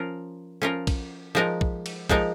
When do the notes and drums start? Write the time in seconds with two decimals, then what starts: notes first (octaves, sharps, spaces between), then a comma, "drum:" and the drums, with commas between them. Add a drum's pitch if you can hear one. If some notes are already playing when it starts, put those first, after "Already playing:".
Already playing: F3 C#4 F4 A#4
0.62 F3 C#4 F4 A#4
0.87 drum: kick A#1, cymbal
1.35 F3 G#3 D#4 A#4
1.61 drum: kick A#1
1.86 drum: cymbal
2.09 F3 G#3 D#4 A#4, drum: kick A#1